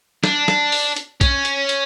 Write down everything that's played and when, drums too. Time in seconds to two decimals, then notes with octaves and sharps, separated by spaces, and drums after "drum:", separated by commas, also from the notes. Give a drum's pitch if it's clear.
0.24 D4, drum: snare
0.48 drum: snare
0.72 drum: open hi-hat
0.96 drum: hi-hat
1.21 C#4, drum: kick, hi-hat
1.45 drum: hi-hat
1.69 drum: hi-hat